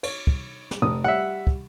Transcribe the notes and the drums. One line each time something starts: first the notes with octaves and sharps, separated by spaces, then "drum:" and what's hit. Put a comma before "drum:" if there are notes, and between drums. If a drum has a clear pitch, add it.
C#5, drum: cymbal
drum: kick
drum: snare
F1 D#6
G3 E5 F#5
drum: kick